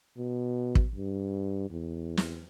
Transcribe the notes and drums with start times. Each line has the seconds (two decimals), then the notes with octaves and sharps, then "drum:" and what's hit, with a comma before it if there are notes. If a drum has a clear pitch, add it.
0.18 B2
0.75 drum: kick
0.95 G2
1.70 E2
2.17 drum: snare